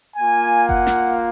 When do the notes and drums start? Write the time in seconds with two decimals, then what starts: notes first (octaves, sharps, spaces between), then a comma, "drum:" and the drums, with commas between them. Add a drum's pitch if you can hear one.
0.17 A#3 F4 G#5
0.69 F#5, drum: kick F#1
0.87 drum: snare